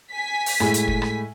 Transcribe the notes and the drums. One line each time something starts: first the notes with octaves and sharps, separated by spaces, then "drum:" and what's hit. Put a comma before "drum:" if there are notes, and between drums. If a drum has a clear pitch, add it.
G#5 B6
drum: open hi-hat
A2 G#3, drum: rim click
drum: hi-hat
drum: kick
drum: rim click